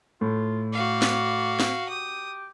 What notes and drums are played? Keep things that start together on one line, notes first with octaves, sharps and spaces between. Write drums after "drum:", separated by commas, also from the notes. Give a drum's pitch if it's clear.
A2 F4
F#4 D5 F5
drum: snare
drum: snare
G4 D#6